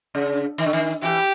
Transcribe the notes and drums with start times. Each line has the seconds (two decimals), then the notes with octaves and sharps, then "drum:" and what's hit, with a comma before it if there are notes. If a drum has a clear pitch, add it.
0.15 C#3
0.58 D#3, drum: open hi-hat
0.66 D3
0.73 D#3, drum: open hi-hat
1.02 E3 G4